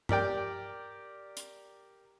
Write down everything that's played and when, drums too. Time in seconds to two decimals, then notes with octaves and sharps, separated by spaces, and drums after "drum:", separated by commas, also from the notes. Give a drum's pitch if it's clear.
0.09 G4 A#4 D5 G5, drum: tom G2
1.37 drum: hi-hat